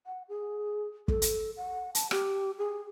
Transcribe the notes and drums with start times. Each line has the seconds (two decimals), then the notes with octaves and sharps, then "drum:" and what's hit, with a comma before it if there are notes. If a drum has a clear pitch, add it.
0.06 F#5
0.29 G#4
1.08 A4, drum: kick
1.22 drum: hi-hat
1.57 F#5
1.95 A5, drum: hi-hat
2.11 G4, drum: rim click
2.58 G#4